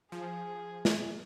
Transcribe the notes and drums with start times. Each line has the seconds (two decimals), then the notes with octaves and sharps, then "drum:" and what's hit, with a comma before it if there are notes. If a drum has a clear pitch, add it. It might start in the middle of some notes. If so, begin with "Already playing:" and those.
0.12 F3 G#4
0.85 drum: snare